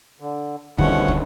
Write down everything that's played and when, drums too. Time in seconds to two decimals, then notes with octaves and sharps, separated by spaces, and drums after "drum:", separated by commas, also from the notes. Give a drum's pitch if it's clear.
0.20 D3
0.78 B2 D3 D#3 F3 G3 A3 C#4 F#5, drum: kick
1.08 drum: kick